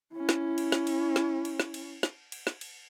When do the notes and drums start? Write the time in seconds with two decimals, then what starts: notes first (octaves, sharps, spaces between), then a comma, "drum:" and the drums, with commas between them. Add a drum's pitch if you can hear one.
0.14 C#4 E4
0.29 drum: snare
0.58 drum: cymbal
0.72 drum: snare
0.87 drum: cymbal
1.16 drum: snare
1.45 drum: cymbal
1.60 drum: snare
1.74 drum: cymbal
2.03 drum: snare
2.32 drum: cymbal
2.47 drum: snare
2.61 drum: cymbal